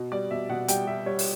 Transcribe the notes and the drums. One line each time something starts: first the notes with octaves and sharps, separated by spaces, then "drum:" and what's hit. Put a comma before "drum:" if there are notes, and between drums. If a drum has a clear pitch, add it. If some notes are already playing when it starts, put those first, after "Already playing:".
Already playing: B2
G3 D5
B2 E5
B2 F#5
G3 G5, drum: hi-hat
G3 E5
G3 C#5
drum: open hi-hat